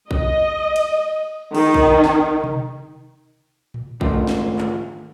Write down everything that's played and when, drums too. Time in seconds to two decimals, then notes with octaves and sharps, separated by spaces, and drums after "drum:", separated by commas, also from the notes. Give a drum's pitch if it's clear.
0.11 D#5, drum: kick A#1
0.76 drum: cymbal
1.55 D#3, drum: cymbal
1.74 drum: kick A#1
2.04 drum: snare
2.44 drum: tom B2
3.74 drum: tom A2
4.01 G#2 D#3 A3 F4, drum: kick A#1
4.27 drum: snare
4.59 drum: clap